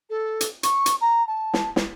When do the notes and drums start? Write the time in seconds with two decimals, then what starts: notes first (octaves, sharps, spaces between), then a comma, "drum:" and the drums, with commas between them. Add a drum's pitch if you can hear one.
0.09 A4
0.41 drum: hi-hat
0.63 C#6, drum: hi-hat
0.86 drum: hi-hat
1.01 A#5
1.27 A5
1.54 drum: snare
1.76 drum: snare